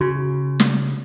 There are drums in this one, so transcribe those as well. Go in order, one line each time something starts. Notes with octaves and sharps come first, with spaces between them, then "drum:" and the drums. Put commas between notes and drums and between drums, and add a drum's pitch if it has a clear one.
C#3 F#4
drum: snare